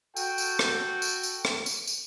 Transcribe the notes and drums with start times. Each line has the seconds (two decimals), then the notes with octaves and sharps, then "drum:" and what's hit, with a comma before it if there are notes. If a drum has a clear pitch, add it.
0.17 F#4 A4 G5, drum: tambourine
0.38 drum: tambourine
0.59 drum: rim click
1.02 drum: tambourine
1.23 drum: tambourine
1.45 drum: rim click
1.66 drum: tambourine
1.87 drum: tambourine